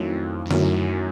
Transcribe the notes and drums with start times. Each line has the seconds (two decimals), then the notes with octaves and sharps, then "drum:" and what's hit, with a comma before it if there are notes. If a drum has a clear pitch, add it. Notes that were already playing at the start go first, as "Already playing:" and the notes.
Already playing: F2 D#3 F#3 A3 C#4 E4
0.46 F2
0.51 F#2 D#3 F#3 A3 C#4 E4, drum: tom D3